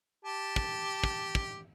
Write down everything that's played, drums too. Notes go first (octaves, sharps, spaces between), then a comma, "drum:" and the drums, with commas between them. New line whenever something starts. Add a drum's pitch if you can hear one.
G4 A5
drum: kick
drum: kick
drum: kick